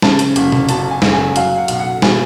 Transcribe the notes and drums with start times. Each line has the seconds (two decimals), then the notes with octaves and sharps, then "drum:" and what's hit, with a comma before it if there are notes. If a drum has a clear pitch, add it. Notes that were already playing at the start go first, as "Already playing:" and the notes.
0.02 C#3 A5, drum: snare
0.19 drum: hi-hat
0.36 F#1, drum: hi-hat
0.52 drum: tom B2
0.69 F#2 A5, drum: hi-hat
0.91 G#5
1.02 F#1, drum: snare
1.13 G#5
1.36 F#3 F5, drum: hi-hat
1.58 F#5
1.68 B1, drum: hi-hat
1.80 F#5
2.02 B2 G#5, drum: snare